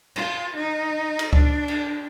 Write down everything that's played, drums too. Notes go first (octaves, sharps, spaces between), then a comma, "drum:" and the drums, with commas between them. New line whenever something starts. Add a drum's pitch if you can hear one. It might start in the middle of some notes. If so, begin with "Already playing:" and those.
F4, drum: cymbal
D#4
drum: cymbal
D4, drum: kick C#2
drum: cymbal